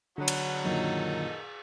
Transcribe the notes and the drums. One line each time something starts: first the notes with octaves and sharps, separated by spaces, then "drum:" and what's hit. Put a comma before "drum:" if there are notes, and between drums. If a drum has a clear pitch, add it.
D3 F#3 B3 D4 D#4
drum: cymbal
F#2 A#2 D#3 A#3 D#4 A4